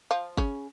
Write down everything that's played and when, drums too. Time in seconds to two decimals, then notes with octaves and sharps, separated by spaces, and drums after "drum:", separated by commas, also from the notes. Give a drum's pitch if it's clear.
0.11 F3 F4
0.37 C#3 C#4, drum: kick G1